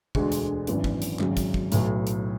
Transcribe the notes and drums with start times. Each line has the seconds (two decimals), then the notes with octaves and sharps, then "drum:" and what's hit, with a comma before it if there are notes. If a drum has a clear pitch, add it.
0.15 E1 D2 D3 G#3, drum: kick
0.32 drum: hi-hat
0.67 G#1 F#2 E3 B3 D4, drum: hi-hat
0.84 drum: kick
1.02 drum: hi-hat
1.19 G#1 F#2 C#3 F#3 C#4, drum: clap
1.37 drum: kick, hi-hat
1.54 drum: kick
1.72 B1 A2 F#3, drum: hi-hat
2.07 drum: hi-hat